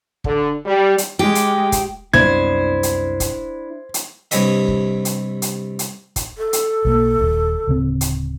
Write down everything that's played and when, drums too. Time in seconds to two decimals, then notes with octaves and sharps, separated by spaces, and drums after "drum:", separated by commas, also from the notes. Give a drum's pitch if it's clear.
0.24 D3, drum: kick
0.65 G3
0.98 drum: hi-hat
1.19 G#3 G4
1.35 drum: hi-hat
1.72 drum: kick, hi-hat
2.14 C2 F#2 B3 D4 E4 C5 G#6
2.83 drum: hi-hat
3.20 drum: kick, hi-hat
3.94 drum: hi-hat
4.31 G2 C3 E4 C#5 D#5 E5, drum: hi-hat
4.68 drum: kick
5.05 drum: hi-hat
5.42 drum: hi-hat
5.79 drum: hi-hat
6.16 drum: kick, hi-hat
6.38 A4
6.53 drum: hi-hat
6.85 B1 A3 A#3
7.21 D#1
7.67 D1 C#3 C4
8.01 drum: hi-hat